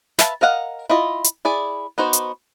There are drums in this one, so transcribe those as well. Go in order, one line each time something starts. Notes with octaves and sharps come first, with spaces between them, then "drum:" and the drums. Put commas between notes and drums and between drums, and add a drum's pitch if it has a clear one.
B4 E5 F5 A5, drum: snare
A#4 D#5 F5 F#5
E4 F4 D#5
drum: hi-hat
E4 G#4 D5
B3 D#4 F#4 C5
drum: hi-hat